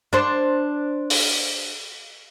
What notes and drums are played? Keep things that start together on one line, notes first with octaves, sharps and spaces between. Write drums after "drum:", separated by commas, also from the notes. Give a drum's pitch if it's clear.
D4 C5
drum: open hi-hat